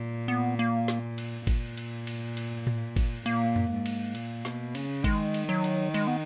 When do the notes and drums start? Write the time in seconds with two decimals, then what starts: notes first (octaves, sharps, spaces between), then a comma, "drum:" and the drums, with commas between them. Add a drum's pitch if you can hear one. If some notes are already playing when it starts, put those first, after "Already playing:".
Already playing: A#2
0.28 B3
0.59 A#3
0.88 drum: snare
1.18 drum: cymbal
1.47 A#2, drum: kick, cymbal
1.77 drum: cymbal
2.07 drum: cymbal
2.37 drum: cymbal
2.67 drum: tom A2
2.96 drum: kick, cymbal
3.26 A#2 A#3, drum: cymbal
3.56 drum: tom F2
3.71 G#2
3.86 drum: cymbal
4.15 A#2, drum: cymbal
4.45 B2, drum: snare
4.75 C#3, drum: cymbal
5.04 D#3 G#3, drum: kick, cymbal
5.34 drum: cymbal
5.49 F#3
5.64 drum: cymbal
5.94 G#3, drum: cymbal
6.07 B3